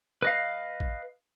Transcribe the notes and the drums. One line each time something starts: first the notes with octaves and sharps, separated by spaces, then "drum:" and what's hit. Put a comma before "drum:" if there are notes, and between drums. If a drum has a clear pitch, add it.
B4 D#5 F5
drum: kick